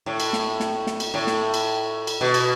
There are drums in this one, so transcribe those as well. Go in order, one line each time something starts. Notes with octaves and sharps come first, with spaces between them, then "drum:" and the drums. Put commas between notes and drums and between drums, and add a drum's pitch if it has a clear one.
A2
drum: cymbal
drum: snare
drum: snare
drum: snare
drum: cymbal
A2
drum: snare
drum: cymbal
drum: cymbal
B2
drum: cymbal